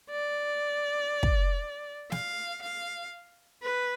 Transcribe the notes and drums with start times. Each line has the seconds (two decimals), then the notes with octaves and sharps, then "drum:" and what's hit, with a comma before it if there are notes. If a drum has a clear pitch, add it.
0.10 D5
1.23 drum: kick
2.12 F5, drum: snare
2.62 F5
3.62 B4